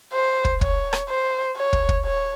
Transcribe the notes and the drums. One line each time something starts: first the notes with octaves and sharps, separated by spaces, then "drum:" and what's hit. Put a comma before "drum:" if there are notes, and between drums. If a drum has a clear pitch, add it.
C5
drum: kick
C#5, drum: kick
drum: rim click
C5
C#5
drum: kick
drum: kick
C#5